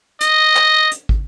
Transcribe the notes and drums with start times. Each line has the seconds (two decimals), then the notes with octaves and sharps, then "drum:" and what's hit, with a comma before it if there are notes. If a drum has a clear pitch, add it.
0.21 D#5, drum: hi-hat
0.56 drum: clap
0.92 drum: hi-hat
1.09 drum: kick